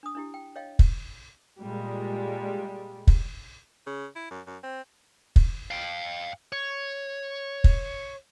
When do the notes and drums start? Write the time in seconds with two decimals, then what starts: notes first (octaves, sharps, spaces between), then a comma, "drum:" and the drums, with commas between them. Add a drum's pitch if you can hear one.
0.03 D4 D#6
0.15 D4 E4 G4
0.34 G5
0.56 C#5 D#5 F5 G5
0.79 drum: kick
1.59 A#2 G3 G#3
3.07 drum: kick
3.87 C#3
4.16 E4
4.31 F#2
4.47 F#2
4.63 C4
5.36 drum: kick
5.71 F5 G5
6.52 C#5
7.64 drum: kick